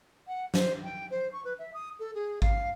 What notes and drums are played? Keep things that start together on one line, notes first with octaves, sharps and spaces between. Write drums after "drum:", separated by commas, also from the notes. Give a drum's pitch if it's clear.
F#5
C5, drum: snare
G5
C5
C#6
B4
E5
D#6
A4
G#4
F5, drum: kick G#1